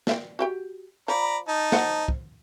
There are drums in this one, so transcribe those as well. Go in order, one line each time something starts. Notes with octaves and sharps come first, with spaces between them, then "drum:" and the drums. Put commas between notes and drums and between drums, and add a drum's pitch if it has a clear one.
D5 E5 G5, drum: snare
F#4 G4 G5
F3 D5 A#5 B5
D#4 A5
C5 F#5, drum: snare
drum: kick